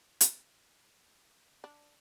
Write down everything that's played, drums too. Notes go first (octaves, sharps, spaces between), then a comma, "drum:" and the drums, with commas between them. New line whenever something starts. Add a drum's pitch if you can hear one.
drum: hi-hat
D4